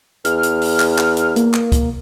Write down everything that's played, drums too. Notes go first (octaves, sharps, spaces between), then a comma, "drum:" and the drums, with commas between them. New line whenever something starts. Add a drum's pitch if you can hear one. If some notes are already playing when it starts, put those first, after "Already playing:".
E2 F6, drum: hi-hat
drum: hi-hat
drum: open hi-hat
drum: clap
drum: clap
drum: hi-hat
A#3, drum: hi-hat
drum: clap
drum: kick, hi-hat